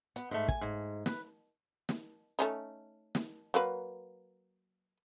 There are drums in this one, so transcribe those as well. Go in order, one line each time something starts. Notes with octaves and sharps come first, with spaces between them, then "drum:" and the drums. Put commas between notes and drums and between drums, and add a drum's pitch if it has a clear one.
B3, drum: hi-hat
G#2 A3
G#5, drum: kick
G#2
B4, drum: snare
drum: snare
A3 C#4 D#4
drum: snare
F#3 A#3 B4